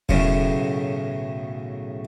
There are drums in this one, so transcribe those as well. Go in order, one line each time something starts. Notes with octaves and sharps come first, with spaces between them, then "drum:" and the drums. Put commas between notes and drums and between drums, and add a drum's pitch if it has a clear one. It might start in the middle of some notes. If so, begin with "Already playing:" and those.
B1 F#2 A2 C#3, drum: kick E1